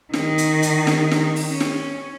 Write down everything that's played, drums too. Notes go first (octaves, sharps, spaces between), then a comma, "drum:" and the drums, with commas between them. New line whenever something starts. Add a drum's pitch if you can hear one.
D#3, drum: snare
drum: hi-hat
drum: hi-hat
drum: snare
drum: snare
drum: open hi-hat
C#4
drum: snare